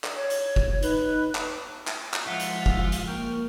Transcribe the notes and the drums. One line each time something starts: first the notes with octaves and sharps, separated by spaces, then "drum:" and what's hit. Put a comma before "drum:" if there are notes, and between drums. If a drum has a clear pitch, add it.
drum: clap
C#5
drum: hi-hat
drum: kick F#1
D#4 B4, drum: hi-hat
drum: clap
drum: clap
drum: clap
F3 G#3 F4 E5 F#5
drum: hi-hat
drum: kick F#1
drum: hi-hat
A#3 A#4 G5 C#6 F6